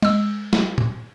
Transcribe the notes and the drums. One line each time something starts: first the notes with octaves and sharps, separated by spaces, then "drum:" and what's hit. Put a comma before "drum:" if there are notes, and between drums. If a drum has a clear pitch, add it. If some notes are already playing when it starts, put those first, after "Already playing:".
G#3 E6, drum: cymbal
drum: snare
drum: tom